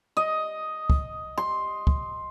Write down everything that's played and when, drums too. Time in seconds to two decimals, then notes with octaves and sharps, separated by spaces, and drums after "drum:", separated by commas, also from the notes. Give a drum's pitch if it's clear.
0.17 D#5
0.90 drum: kick
1.38 C6
1.87 drum: kick